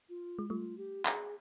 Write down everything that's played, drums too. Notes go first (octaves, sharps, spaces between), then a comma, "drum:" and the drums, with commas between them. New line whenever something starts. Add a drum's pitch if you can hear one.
F4
G#3
G3 A3 F4
G4
A4, drum: clap
G#4